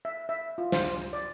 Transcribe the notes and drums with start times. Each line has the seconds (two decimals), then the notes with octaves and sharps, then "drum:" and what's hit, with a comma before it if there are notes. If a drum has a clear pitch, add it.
0.05 E5
0.29 E5
0.58 F4
0.72 C5, drum: snare
1.13 D5